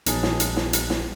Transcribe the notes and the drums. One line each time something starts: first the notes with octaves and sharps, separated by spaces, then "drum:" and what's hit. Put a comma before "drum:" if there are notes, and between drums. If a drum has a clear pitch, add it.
A#1 F#3 B3 D#4 G#4 A5, drum: hi-hat
drum: snare
drum: hi-hat
drum: snare
drum: hi-hat
drum: snare